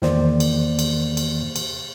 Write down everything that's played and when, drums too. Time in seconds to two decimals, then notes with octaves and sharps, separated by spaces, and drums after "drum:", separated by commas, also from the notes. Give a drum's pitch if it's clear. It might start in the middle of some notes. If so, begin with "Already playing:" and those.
0.02 E2 D#3 A#3 C5 D5, drum: snare
0.40 drum: cymbal
0.79 drum: cymbal
1.17 drum: cymbal
1.56 drum: cymbal